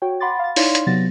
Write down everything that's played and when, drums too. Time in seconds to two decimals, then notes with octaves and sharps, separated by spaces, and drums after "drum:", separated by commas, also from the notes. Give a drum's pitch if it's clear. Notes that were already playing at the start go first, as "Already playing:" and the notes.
0.02 F#4 C#5 G5
0.20 F#5 B5 C6 D6 A6
0.39 F5 A6
0.56 D#4 E4 C#5 D5 F5 C6, drum: open hi-hat
0.75 drum: hi-hat
0.86 C3 F#3 B3 A6 A#6